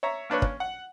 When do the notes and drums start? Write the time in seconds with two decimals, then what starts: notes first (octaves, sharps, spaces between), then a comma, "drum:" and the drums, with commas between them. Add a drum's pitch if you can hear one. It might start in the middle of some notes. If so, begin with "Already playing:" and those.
0.03 C#5 E5 A#5
0.30 A#3 D4 B4 C#5
0.42 C#4, drum: kick
0.60 F#5